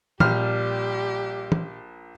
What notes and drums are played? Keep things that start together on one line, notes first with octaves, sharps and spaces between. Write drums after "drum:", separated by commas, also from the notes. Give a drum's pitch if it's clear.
A#1 A#2 G3 G4 F6, drum: tom E3
drum: tom E3